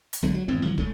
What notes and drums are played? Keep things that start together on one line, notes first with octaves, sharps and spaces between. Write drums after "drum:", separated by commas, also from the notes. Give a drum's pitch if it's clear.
drum: hi-hat
B1 D3 G#3
F#3
G#1 E2 G2 C4
E3 F#3
C#3 G#3 A3, drum: kick